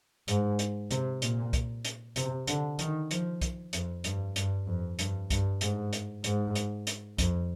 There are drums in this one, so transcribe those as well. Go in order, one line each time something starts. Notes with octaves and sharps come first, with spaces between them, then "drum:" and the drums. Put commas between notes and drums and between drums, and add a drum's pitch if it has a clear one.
G#2, drum: hi-hat
drum: hi-hat
C3, drum: hi-hat
A#2, drum: hi-hat
drum: kick, hi-hat
drum: hi-hat
C3, drum: hi-hat
D3, drum: hi-hat
D#3, drum: hi-hat
F3, drum: hi-hat
drum: kick, hi-hat
F2, drum: hi-hat
G2, drum: hi-hat
G2, drum: hi-hat
F2
G2, drum: hi-hat
G2, drum: kick, hi-hat
G#2, drum: hi-hat
drum: hi-hat
G#2, drum: hi-hat
drum: hi-hat
drum: hi-hat
F2, drum: kick, hi-hat